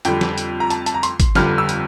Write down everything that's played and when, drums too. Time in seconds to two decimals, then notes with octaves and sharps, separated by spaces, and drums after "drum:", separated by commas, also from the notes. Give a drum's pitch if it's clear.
0.05 F2 D3 G3 G5, drum: hi-hat
0.21 drum: snare
0.38 drum: hi-hat
0.60 A#5
0.70 A5, drum: hi-hat
0.86 A5, drum: hi-hat
0.94 A#5
1.03 C6, drum: hi-hat
1.20 drum: kick, hi-hat
1.35 G1 F2 D3 G3 F6, drum: snare
1.58 E6
1.69 drum: hi-hat